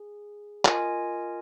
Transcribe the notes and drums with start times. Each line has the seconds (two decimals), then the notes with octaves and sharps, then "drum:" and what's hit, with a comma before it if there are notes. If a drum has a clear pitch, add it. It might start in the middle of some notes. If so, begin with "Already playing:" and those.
Already playing: G#4
0.65 F4 A#4 D#5 G#5, drum: clap